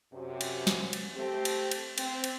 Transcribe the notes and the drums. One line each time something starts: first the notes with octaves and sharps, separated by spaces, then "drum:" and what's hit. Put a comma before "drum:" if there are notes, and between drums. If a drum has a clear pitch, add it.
F#2 C3
drum: cymbal
drum: snare
drum: cymbal
A3 C4 G4
drum: cymbal
drum: cymbal
C4, drum: cymbal
drum: cymbal